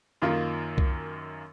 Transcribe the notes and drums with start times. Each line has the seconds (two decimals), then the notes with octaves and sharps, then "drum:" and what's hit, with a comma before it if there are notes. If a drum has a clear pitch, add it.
0.22 F#2 D#3 A#3 F4
0.78 drum: kick C2